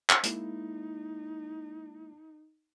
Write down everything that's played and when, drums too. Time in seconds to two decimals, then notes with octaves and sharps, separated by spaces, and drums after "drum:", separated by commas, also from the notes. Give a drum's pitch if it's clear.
0.10 drum: clap
0.23 G#3 A#3 D#4 E4, drum: hi-hat